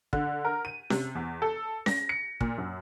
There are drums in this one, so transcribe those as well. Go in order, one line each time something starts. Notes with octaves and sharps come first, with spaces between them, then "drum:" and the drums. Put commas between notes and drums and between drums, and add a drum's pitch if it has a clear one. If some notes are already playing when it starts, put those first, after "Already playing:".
D3, drum: kick
A#4
D#7
C3, drum: snare C#4
E2
A4
A#6, drum: snare C#4
C#7
A#2, drum: kick
F#2